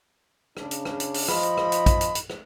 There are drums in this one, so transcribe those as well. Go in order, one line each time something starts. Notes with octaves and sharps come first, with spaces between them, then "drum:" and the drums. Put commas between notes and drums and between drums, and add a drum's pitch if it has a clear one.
C#3 D4, drum: rim click
drum: hi-hat
drum: rim click
drum: hi-hat
drum: open hi-hat
F3 D#5 B5, drum: rim click
drum: hi-hat
drum: rim click
drum: hi-hat
drum: kick, hi-hat
drum: hi-hat
drum: hi-hat
drum: rim click